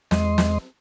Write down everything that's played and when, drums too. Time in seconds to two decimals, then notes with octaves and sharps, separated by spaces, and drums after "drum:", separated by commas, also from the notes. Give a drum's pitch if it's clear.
0.11 E2 G#3 D#5 C6, drum: snare
0.38 drum: snare